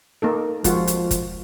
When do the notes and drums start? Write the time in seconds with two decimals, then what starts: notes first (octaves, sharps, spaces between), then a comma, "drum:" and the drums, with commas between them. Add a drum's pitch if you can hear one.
0.22 A#3 D#4 A4
0.64 F3 G#3 F4 F#4, drum: kick, hi-hat
0.87 drum: hi-hat
1.11 drum: kick, hi-hat